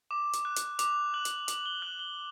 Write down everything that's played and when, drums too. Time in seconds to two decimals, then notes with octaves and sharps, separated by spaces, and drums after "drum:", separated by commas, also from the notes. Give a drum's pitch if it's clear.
0.11 D6 E7
0.33 drum: hi-hat
0.45 F#6
0.56 drum: hi-hat
0.79 D6 F7, drum: hi-hat
1.14 F#6 F#7
1.25 drum: hi-hat
1.48 D6 F#7, drum: hi-hat
1.66 G7
1.82 F#6 F#7
1.99 G7